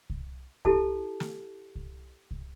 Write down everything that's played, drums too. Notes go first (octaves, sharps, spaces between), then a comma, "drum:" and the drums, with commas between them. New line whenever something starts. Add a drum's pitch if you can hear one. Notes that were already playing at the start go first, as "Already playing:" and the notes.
drum: kick C2
E4 G4 A4 A5, drum: kick C2
drum: snare
drum: kick C2
drum: kick C2